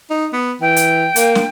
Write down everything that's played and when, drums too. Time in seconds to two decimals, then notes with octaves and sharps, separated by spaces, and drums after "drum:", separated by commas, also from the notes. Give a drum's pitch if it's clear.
0.10 D#4
0.33 B3
0.61 E3 G5
0.76 drum: hi-hat
1.16 A#3, drum: hi-hat
1.35 drum: snare